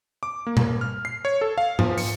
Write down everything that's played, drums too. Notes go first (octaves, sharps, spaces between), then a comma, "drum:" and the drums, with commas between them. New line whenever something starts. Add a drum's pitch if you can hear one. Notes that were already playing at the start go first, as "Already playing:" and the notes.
D6
A#3
drum: tom A#2
F6
C7
C#5
A4
F5
F3, drum: tom G#2
C#7, drum: open hi-hat